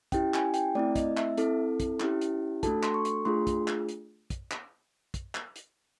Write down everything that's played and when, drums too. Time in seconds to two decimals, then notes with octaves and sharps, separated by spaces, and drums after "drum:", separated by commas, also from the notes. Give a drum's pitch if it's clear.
0.12 C#4 E4 G4 G5, drum: kick, hi-hat
0.34 G#5, drum: clap
0.54 G5, drum: hi-hat
0.75 A3 C4 E4 D5
0.96 D#5, drum: kick, hi-hat
1.17 E5, drum: clap
1.37 C4 E4 A4, drum: hi-hat
1.80 drum: kick, hi-hat
2.00 C#4 E4 G4, drum: clap
2.21 drum: hi-hat
2.63 A3 D4 F#4 A4 A5, drum: kick, hi-hat
2.83 C6, drum: clap
2.94 C#6
3.05 drum: hi-hat
3.25 A3 D4 F4 G#4 C6
3.47 drum: kick, hi-hat
3.68 drum: clap
3.89 drum: hi-hat
4.30 drum: kick, hi-hat
4.51 drum: clap
5.14 drum: kick, hi-hat
5.35 drum: clap
5.56 drum: hi-hat